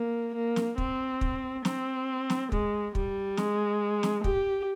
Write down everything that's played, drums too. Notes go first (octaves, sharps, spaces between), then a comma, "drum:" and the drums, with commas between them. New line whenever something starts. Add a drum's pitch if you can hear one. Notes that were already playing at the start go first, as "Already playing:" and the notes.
Already playing: A#3
A#3
drum: snare
C4, drum: kick
drum: kick
C4, drum: snare
drum: snare
G#3, drum: kick
G3, drum: kick
G#3, drum: snare
drum: snare
G4, drum: kick